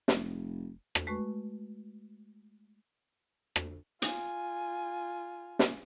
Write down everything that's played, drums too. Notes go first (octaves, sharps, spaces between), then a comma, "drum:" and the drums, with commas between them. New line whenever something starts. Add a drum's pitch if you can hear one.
F1, drum: snare
drum: rim click
G#3 A3 F#4 B4 C#6
drum: rim click
F4 G#5, drum: hi-hat
drum: snare